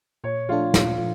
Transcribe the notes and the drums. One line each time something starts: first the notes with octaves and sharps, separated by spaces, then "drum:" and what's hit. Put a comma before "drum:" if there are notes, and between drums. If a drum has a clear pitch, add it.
A#2 C#5
F3 A3 D4 F4 A4
A#2, drum: snare
F3